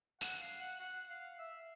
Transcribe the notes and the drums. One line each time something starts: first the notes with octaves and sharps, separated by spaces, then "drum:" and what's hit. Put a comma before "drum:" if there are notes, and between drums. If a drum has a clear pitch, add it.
F#5, drum: tambourine
F5
F#5
F#5
F5
E5